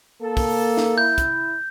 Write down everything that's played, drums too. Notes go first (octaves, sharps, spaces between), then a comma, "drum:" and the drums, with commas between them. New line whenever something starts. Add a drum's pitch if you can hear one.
A#3 A4
drum: kick, open hi-hat
drum: snare
E4 G6
drum: kick, hi-hat